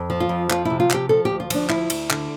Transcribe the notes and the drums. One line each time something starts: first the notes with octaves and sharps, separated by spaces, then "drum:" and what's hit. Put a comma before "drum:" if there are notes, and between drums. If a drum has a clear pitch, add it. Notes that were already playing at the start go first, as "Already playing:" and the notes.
Already playing: F2
F3
F4
F2
F3 F4, drum: clap
C3 E4
F4
F3 G4, drum: clap
F3 A4
D2 G4
F4
F3 D4, drum: cymbal
D2 E4, drum: clap
D2, drum: cymbal
D3, drum: clap